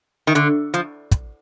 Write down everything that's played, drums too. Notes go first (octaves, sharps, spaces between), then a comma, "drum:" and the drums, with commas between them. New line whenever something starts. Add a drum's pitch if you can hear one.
D#3
D3, drum: hi-hat
F3, drum: hi-hat
drum: kick, hi-hat